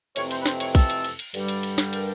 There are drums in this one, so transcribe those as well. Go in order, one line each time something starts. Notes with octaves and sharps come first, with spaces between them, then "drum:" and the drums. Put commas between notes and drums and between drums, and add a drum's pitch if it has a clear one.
F2 C3 E3 A3 C4 C#5, drum: cymbal
C5, drum: cymbal
B4
C5, drum: snare
C#5, drum: cymbal
A4, drum: kick, cymbal
drum: cymbal
drum: cymbal
drum: cymbal
G2 D3 G3, drum: cymbal
drum: cymbal
drum: cymbal
drum: snare
A#4, drum: cymbal